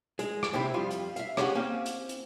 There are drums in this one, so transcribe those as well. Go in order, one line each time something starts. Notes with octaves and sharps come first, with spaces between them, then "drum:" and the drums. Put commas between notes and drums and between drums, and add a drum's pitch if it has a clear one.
G#3, drum: hi-hat
drum: rim click
C3 C4 E4
F2 G3 F4
drum: hi-hat
E5 F5, drum: hi-hat
C#4 E4 G4 G#4 D#5 F#5, drum: rim click
A#3 C4 C#4
drum: hi-hat
drum: hi-hat